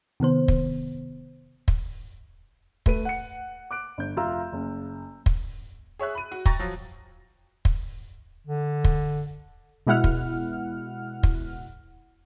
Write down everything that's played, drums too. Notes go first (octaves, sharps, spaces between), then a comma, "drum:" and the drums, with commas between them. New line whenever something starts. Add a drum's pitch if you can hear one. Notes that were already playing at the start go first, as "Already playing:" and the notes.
C3 D#3 B3 C5
drum: kick
drum: kick
A3 B4 D#7, drum: kick
F#5 C#7
D6 F#6 D7
G1 G6
F1 F4 E5 A#5 E6
F#1
drum: kick
G#4 C#5 E5 F#6
B5 D#7
F#4
G5 A#5 C#6 A6 A#6, drum: kick
F3 F#3
drum: kick
D3
drum: kick
B2 G#3 E4 F#5 F6
drum: kick
drum: kick